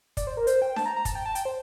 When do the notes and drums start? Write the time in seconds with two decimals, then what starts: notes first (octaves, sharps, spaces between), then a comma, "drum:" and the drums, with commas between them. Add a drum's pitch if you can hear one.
0.17 D5, drum: kick, hi-hat
0.27 C5
0.37 A#4
0.47 C5, drum: hi-hat
0.62 G5
0.76 A5, drum: snare D4
0.86 A#5
0.96 A#5
1.05 A5, drum: kick, hi-hat
1.15 G5
1.26 A5
1.35 G5, drum: hi-hat
1.45 C5